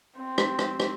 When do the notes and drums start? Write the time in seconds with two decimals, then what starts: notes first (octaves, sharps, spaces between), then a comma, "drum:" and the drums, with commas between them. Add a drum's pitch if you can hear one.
0.17 C4
0.38 drum: rim click
0.59 drum: rim click
0.80 drum: rim click